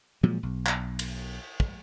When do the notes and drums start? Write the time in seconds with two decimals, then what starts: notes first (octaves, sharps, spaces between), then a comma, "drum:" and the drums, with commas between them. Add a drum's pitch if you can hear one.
0.23 A#2 F3 F#3 G#3
0.43 B1
0.66 drum: clap
0.99 drum: cymbal
1.60 drum: kick